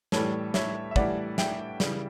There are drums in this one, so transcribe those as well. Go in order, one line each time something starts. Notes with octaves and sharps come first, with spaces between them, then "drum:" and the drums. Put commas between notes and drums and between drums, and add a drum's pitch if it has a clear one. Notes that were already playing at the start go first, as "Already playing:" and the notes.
A2 E3 G3 A4 C#5, drum: snare
C#5 E5, drum: snare
E5
A2 E3 G3 D5 F#5, drum: kick
E5 G5, drum: snare
C#3 E3 G3, drum: snare